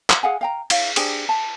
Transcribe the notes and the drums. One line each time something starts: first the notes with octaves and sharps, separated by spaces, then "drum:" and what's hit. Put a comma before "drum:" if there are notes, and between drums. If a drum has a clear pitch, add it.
drum: clap
G#4 F5 F#5 G#5
F5 G5 A#5
E4 C#5 F5, drum: cymbal
D4 G4 G#4 C5, drum: cymbal
A5